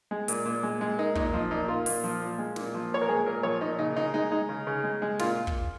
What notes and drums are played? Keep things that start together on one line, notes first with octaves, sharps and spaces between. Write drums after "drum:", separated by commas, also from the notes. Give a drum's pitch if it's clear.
G#3
A#2, drum: hi-hat
A#2
G#3
G#3
A#3 D#4
A#2 D#4, drum: kick
F3
A#2 D#4
A#3 F4
A#2, drum: open hi-hat
F3
A#2
G#3
A#2, drum: snare
F3
A#2 C#5
A#4
G#3 G#4
A#2 A#4
F3 C#5
A#2 D#4
C#3 D#4
C#3 D#4
G#3 D#4
G#3 D#4
C#3
C#3
G#3
G#3
A#2 F4, drum: snare
drum: kick